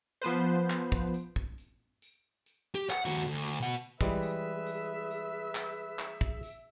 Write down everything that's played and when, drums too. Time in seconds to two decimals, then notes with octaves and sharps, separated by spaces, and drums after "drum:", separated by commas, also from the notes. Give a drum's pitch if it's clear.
0.22 F3 B3 B4 C5
0.70 drum: clap
0.92 drum: kick
1.14 drum: tambourine
1.36 drum: kick
1.58 drum: tambourine
2.02 drum: tambourine
2.46 drum: tambourine
2.75 G4
2.90 F#5, drum: clap
3.05 D#2 F#4
3.27 D2
3.60 B2 F#5
3.79 drum: tambourine
4.01 E3 G3 G#3 G#4 B4 E5, drum: kick
4.23 drum: tambourine
4.67 drum: tambourine
5.11 drum: tambourine
5.55 drum: clap
5.99 drum: clap
6.21 drum: kick
6.43 drum: tambourine